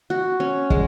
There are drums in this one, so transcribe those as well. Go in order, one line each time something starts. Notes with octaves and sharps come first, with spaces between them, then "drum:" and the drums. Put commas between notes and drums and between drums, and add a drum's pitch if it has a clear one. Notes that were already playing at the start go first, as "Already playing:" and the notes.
F#4
C#4
G#3, drum: kick